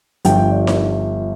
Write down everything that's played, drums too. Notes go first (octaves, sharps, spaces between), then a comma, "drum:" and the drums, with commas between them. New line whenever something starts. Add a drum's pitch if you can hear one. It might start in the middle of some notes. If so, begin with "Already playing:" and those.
G1 G2 F3 G5, drum: hi-hat
D5
drum: snare D#4